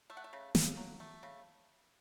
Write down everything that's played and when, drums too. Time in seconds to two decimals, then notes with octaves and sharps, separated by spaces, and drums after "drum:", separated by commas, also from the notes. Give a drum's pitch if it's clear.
0.10 A3 E5
0.17 F#5
0.24 E5
0.33 C#3
0.55 C#3, drum: snare
0.77 F#3
1.00 A3
1.23 C#3